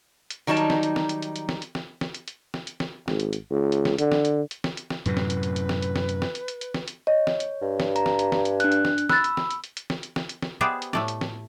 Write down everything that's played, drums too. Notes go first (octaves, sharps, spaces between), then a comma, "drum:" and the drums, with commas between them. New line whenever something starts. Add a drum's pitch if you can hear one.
drum: hi-hat
D#3 F#3 G3 D#4 A5
drum: hi-hat
drum: snare
drum: hi-hat
drum: snare
drum: hi-hat
drum: hi-hat
drum: hi-hat
drum: snare
drum: hi-hat
drum: snare
drum: snare
drum: hi-hat
drum: hi-hat
drum: snare
drum: hi-hat
drum: snare
G#1, drum: snare
drum: hi-hat
drum: hi-hat
C#2
drum: hi-hat
drum: snare
D3, drum: hi-hat
drum: snare
drum: hi-hat
drum: hi-hat
drum: snare
drum: hi-hat
drum: snare
F#2 A2 C3 B4, drum: hi-hat
drum: snare
drum: hi-hat
drum: hi-hat
drum: hi-hat
drum: snare
drum: hi-hat
drum: snare
drum: hi-hat
drum: snare
drum: hi-hat
drum: hi-hat
drum: hi-hat
drum: snare
drum: hi-hat
C#5 D#5
drum: snare
drum: hi-hat
G2
drum: snare
A#5, drum: hi-hat
drum: snare
drum: hi-hat
drum: snare
drum: hi-hat
D4 F#6, drum: hi-hat
drum: hi-hat
drum: snare
drum: hi-hat
B5 E6 F#6 A6, drum: snare
drum: hi-hat
drum: snare
drum: hi-hat
drum: hi-hat
drum: hi-hat
drum: snare
drum: hi-hat
drum: snare
drum: hi-hat
drum: snare
B3 G4 G#4 C5 D5 E5
drum: hi-hat
A2 A3 D5, drum: snare
drum: hi-hat
drum: snare